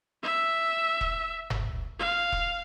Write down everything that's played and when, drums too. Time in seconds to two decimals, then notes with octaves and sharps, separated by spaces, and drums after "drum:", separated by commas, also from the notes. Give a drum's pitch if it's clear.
0.23 E5
1.01 drum: kick E1
1.50 drum: tom F#1
1.99 F5
2.32 drum: kick E1